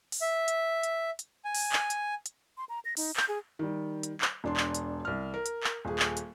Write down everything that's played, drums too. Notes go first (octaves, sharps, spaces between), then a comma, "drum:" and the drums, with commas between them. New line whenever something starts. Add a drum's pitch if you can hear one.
drum: open hi-hat
E5
drum: hi-hat
drum: hi-hat
drum: hi-hat
G#5
drum: open hi-hat
drum: clap
drum: hi-hat
drum: hi-hat
C6
A#5
A#6
D#4, drum: open hi-hat
G6, drum: clap
G#4
D#3 G3
drum: hi-hat
drum: clap
E1 D4 C6
drum: clap
drum: hi-hat
C2 F6
A#4
drum: hi-hat
drum: clap
D#1 G#4
drum: clap
drum: hi-hat